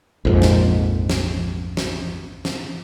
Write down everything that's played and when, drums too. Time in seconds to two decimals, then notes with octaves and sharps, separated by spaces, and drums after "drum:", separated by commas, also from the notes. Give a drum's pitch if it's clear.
0.25 A#1 F2 G#2
0.42 drum: snare
1.10 drum: snare
1.77 drum: snare
2.45 drum: snare